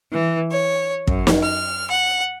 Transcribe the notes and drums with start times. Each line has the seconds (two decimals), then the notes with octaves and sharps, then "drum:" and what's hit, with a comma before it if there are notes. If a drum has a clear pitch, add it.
0.12 E3
0.51 C#5
1.07 F#2, drum: kick
1.27 drum: snare
1.44 F6
1.91 F#5